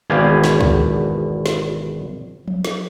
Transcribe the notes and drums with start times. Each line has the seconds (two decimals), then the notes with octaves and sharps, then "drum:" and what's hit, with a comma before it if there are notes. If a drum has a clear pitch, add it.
0.10 G#1 E2 B2 G4 F5 G#5
0.44 drum: snare
0.61 drum: kick
1.46 drum: snare
2.48 drum: tom F3
2.65 drum: snare